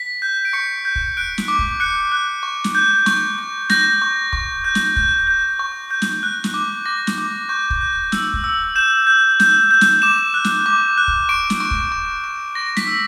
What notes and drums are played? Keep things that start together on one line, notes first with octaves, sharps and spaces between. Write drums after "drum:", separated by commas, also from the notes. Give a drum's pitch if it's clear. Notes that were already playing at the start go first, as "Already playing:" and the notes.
Already playing: B6
G6
D7
C#6 C#7
G6
drum: kick
F#6 D7
drum: snare
D6
drum: kick
F#6 C#7
F#6
C#6
drum: snare
G6
C#6, drum: snare
C#6
G6 A#6, drum: snare
C#6
C#6, drum: kick
G6
drum: snare
G6, drum: kick
G6
C#6
G6
drum: snare
F#6
drum: snare
D6
D6 A#6
drum: snare
D6
C#6 G6
drum: kick
G6
E6, drum: snare
drum: kick
E6
G6 E7
G6
G6, drum: snare
G6
drum: snare
D6 E7
F#6
drum: snare
D6
F#6
drum: kick
C#6 D7
drum: snare
C#6
drum: kick
C#6
C#6
C#6 A#6
B6, drum: snare
E6